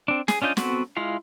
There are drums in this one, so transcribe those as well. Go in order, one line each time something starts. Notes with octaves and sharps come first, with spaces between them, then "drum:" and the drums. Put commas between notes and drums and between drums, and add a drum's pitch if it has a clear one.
C4 D4
G#4, drum: snare
C#4 D4 F4 D#5 G6
B3 C4 F#4 A4, drum: snare
G#3 E4 F4 F5